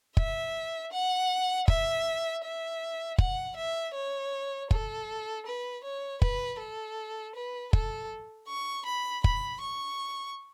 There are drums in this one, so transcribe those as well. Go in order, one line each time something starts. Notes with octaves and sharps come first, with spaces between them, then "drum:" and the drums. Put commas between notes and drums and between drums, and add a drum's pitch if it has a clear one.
E5, drum: kick
F#5
E5, drum: kick
E5
F#5, drum: kick
E5
C#5
A4, drum: kick
B4
C#5
B4, drum: kick
A4
B4
A4, drum: kick
C#6
B5
B5, drum: kick
C#6